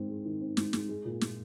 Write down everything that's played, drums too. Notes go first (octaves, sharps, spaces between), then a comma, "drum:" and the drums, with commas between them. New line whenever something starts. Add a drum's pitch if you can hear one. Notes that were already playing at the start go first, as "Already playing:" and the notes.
Already playing: G#2 D#3 C4
G#3
D#3
C4
G#2, drum: snare
G#3, drum: snare
G#3
A#2
A#2, drum: snare